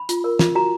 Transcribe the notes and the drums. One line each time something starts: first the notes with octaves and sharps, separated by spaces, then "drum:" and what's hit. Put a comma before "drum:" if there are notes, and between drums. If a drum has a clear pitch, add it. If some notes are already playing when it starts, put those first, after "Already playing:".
Already playing: B5
F4, drum: hi-hat
A#4
F4, drum: snare
F#4 A#5